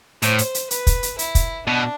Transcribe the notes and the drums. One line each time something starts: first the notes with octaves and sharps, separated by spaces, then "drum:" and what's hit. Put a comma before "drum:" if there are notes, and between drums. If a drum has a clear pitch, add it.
A2 C5, drum: hi-hat
drum: hi-hat
drum: hi-hat
B4, drum: hi-hat
drum: kick, hi-hat
drum: hi-hat
E4, drum: hi-hat
drum: kick, hi-hat
B2 D4